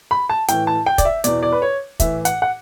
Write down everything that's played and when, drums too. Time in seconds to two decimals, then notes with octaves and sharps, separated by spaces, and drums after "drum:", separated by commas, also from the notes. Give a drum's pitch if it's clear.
0.11 B5
0.30 A5
0.48 A2 E3 G5, drum: hi-hat
0.67 A5
0.86 G5
0.98 D5, drum: kick, hi-hat
1.05 E5
1.24 E2 B2 D5, drum: hi-hat
1.43 D5
1.52 B4
1.62 C#5
2.00 A2 E3 E5, drum: kick, hi-hat
2.25 F#5, drum: hi-hat
2.42 F#5